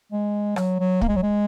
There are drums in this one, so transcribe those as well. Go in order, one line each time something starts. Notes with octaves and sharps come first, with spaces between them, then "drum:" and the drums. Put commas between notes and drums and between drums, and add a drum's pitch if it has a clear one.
G#3
F#3, drum: rim click
F#3
A#3, drum: kick
G#3
F#3
G#3